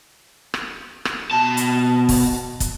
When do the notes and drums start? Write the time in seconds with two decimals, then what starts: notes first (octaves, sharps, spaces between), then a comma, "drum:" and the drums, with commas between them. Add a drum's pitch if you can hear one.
0.54 drum: rim click
1.05 drum: rim click
1.31 B2 A5
1.57 drum: hi-hat
2.09 drum: kick, open hi-hat
2.60 drum: kick, hi-hat